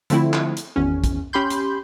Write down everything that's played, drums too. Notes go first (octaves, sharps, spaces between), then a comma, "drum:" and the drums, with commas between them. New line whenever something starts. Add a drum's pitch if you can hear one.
D3 F3 A3 C4 E4, drum: hi-hat
drum: clap
drum: hi-hat
G#1 E2 C#4
drum: kick, hi-hat
C#4 G4 B5 C6 G6
drum: hi-hat